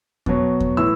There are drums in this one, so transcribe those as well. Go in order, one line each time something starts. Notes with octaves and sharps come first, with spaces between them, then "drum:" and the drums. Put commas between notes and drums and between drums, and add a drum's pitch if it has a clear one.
B2 F#3, drum: kick E2
drum: kick E2
A2 E3 E6